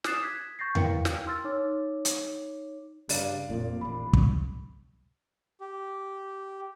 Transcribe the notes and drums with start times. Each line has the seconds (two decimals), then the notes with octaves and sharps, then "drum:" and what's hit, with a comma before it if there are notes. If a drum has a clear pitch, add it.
0.04 D6 D#6 F#6 A6 C7 E7, drum: snare
0.22 G#6 B6
0.59 C#6 G6 A6 A#6 C7
0.75 E4 A#4 B4 F5 G5 C#7, drum: tom E2
1.05 drum: snare
1.27 C6 E6 F6 A6
1.44 D#4 C#5 D6
2.05 drum: hi-hat
3.09 G2 C#3 D4 D5 F5, drum: open hi-hat
3.50 F1 F2 A#2
3.81 D#1 A1 A#2 B5
4.13 drum: kick
5.61 G4